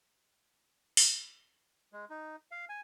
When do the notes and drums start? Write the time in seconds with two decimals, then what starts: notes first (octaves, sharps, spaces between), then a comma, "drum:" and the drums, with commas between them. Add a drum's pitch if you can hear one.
0.97 drum: open hi-hat
1.93 G#3
2.10 D#4
2.51 F5
2.69 G#5